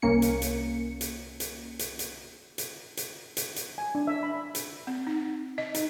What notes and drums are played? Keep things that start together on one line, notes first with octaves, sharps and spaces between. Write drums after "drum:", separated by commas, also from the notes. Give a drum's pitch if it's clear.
C2 A#3 C#4 C#7
drum: hi-hat
drum: hi-hat
drum: hi-hat
drum: hi-hat
drum: hi-hat
drum: hi-hat
drum: hi-hat
drum: hi-hat
drum: hi-hat
drum: hi-hat
G#5
D4
E5
B5
drum: hi-hat
C4
D#4
D#5
D#4, drum: hi-hat